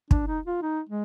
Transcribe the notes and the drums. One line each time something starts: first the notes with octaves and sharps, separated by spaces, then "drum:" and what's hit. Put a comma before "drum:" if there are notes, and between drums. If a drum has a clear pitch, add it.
D4, drum: kick
D#4
F4
D#4
G#3